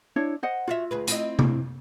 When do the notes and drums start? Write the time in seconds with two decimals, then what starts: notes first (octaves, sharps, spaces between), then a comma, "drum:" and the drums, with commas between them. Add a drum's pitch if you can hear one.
0.16 D4 E4 C#5
0.43 C5 D#5 F#5
0.68 F4 F#4 C#5 E5
0.91 D2 G#4 B4
1.07 C4 E4 D#5, drum: hi-hat
1.39 drum: tom C3